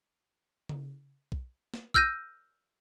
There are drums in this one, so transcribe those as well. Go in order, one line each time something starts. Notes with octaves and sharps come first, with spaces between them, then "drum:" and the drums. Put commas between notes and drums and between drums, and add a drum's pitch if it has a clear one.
drum: tom C#3
drum: kick B1
drum: snare
E6 F6 G6 A#6 D#7, drum: kick B1